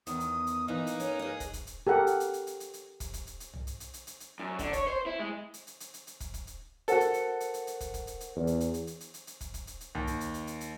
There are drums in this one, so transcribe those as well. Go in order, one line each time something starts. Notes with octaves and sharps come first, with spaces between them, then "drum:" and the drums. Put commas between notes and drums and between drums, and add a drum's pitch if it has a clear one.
E2 D#3 D#6, drum: hi-hat
drum: hi-hat
drum: hi-hat
A#2 E3 A#3 D#4 B4
drum: hi-hat
C#4, drum: hi-hat
G#4 D#5
drum: kick, hi-hat
drum: kick, hi-hat
drum: hi-hat
G4 A4 A#4 F#5
drum: hi-hat
drum: hi-hat
drum: hi-hat
drum: hi-hat
drum: hi-hat
drum: hi-hat
drum: kick, hi-hat
drum: kick, hi-hat
drum: hi-hat
drum: hi-hat
drum: tom B1
drum: hi-hat
drum: hi-hat
drum: hi-hat
drum: hi-hat
drum: hi-hat
F#2
D3, drum: kick, hi-hat
C#5, drum: kick, hi-hat
C5
E4
G#3
drum: hi-hat
drum: hi-hat
drum: hi-hat
drum: hi-hat
drum: hi-hat
drum: kick, hi-hat
drum: kick, hi-hat
drum: hi-hat
F#4 A4 A#4 C5 F#5, drum: hi-hat
drum: hi-hat
drum: hi-hat
drum: hi-hat
drum: hi-hat
drum: hi-hat
drum: kick, hi-hat
drum: kick, hi-hat
drum: hi-hat
drum: hi-hat
E2
drum: hi-hat
drum: hi-hat
drum: hi-hat
drum: hi-hat
drum: hi-hat
drum: hi-hat
drum: hi-hat
drum: kick, hi-hat
drum: kick, hi-hat
drum: hi-hat
drum: hi-hat
D#2, drum: tom B1
drum: hi-hat
drum: hi-hat
drum: hi-hat
drum: hi-hat
drum: hi-hat